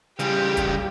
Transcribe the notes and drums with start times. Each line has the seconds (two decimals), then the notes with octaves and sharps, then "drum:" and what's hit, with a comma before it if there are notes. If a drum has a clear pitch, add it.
0.19 C#3 G3 G4, drum: hi-hat
0.57 drum: kick, hi-hat